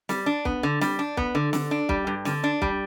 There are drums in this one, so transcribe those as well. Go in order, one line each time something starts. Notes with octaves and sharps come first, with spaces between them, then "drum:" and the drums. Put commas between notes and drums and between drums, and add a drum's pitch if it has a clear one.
G3, drum: snare
D4
B3, drum: kick B1
D3
G3, drum: snare
D4
B3, drum: kick B1
D3
D3, drum: snare
D4
G3, drum: kick B1
G2
D3, drum: snare
D4
G3, drum: kick B1